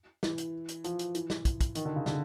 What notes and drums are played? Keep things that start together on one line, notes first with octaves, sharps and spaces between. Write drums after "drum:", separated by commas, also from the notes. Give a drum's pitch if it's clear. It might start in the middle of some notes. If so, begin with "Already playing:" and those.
E3, drum: snare
drum: hi-hat
drum: hi-hat
F3, drum: hi-hat
drum: hi-hat
E3, drum: hi-hat
drum: snare
drum: kick, hi-hat
drum: kick, hi-hat
D#3, drum: hi-hat
D3
C#3
D3, drum: snare